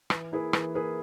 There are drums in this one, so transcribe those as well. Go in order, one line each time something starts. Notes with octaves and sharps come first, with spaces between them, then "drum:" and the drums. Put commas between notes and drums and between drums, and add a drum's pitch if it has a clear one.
E3, drum: rim click
A#3 E4 G#4 B4
E3, drum: rim click
A#3 E4 G#4 B4